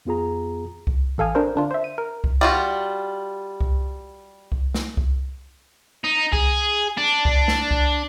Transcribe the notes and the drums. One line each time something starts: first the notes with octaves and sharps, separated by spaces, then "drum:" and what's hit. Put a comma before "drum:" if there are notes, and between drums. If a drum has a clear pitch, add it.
F2 B3 F4 G#4 A#5
drum: kick C2
A1 A4 F5 G#5 D#6
D4 A#4 C5
D3 D4 F4
C5 E5
D#7
A#4
drum: kick C2
G3 F4 F#4
drum: kick C2
drum: kick C2
drum: snare
drum: kick C2
D#4
G#4, drum: kick C2
D4
drum: kick C2
drum: snare
drum: kick C2